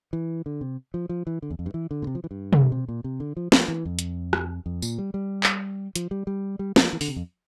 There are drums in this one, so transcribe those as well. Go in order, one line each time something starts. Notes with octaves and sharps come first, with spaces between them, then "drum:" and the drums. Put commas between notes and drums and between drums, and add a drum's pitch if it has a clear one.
E3
D3
C3
F3
F3
E3
D3
E2
F2
G2
E3
D3
A#2
C3
F3
E3
G2
drum: tom
C3
A#2
C3
D3
F3
F3, drum: snare
E3
F2
drum: hi-hat
drum: rim click
F2
A#2, drum: tambourine
G3
G3
drum: clap
F3, drum: hi-hat
G3
G3
G3
F3, drum: snare
E3
D3, drum: open hi-hat
C3
F2